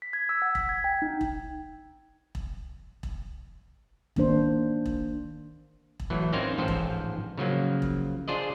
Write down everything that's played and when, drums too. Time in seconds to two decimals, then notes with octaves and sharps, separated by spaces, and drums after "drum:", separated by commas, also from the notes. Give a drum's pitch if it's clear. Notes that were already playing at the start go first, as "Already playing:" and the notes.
0.02 B6
0.13 G#6
0.29 E6
0.42 F#5
0.55 B6, drum: kick E1
0.69 G#6
0.84 G5
1.02 D#4
1.21 drum: kick E1
2.35 drum: kick E1
3.03 drum: kick E1
4.16 D#3 A#3 D4 C5, drum: kick E1
4.86 drum: kick E1
6.00 drum: kick E1
6.10 A2 E3 F#3
6.33 C4 C#4 D#4 F4 A#4 C5
6.58 A1 G#2 F3 A4 C5 G5
6.68 drum: kick E1
7.38 C#3 F3 F#3 A#3
7.82 drum: kick E1
8.28 D4 F4 G#4 C5 D5 D#5